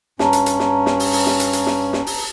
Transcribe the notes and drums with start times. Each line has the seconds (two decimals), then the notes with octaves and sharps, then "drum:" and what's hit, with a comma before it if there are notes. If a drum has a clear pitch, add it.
0.19 G2 C#4 A5 A#5, drum: snare
0.33 drum: hi-hat
0.46 drum: hi-hat
0.60 drum: snare
0.86 drum: snare
1.00 drum: open hi-hat
1.13 drum: open hi-hat
1.26 drum: snare
1.40 drum: hi-hat
1.53 drum: hi-hat
1.66 drum: snare
1.93 drum: snare
2.07 drum: open hi-hat